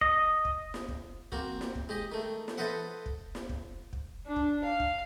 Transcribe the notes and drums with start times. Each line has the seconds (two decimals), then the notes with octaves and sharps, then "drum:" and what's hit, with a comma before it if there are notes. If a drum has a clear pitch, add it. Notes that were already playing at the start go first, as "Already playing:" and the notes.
0.01 D#5, drum: kick
0.45 drum: kick
0.74 drum: snare
0.88 drum: kick
1.32 A#3 C4 F#4, drum: kick
1.61 drum: snare
1.75 drum: kick
1.89 G#3 G4 D#5
2.12 D#3 A3
2.48 drum: snare
2.58 A4 B4 C5 D#5 E5 F#5
3.06 drum: kick
3.35 drum: snare
3.49 drum: kick
3.93 drum: kick
4.26 D4
4.36 drum: kick
4.64 F5
4.80 drum: kick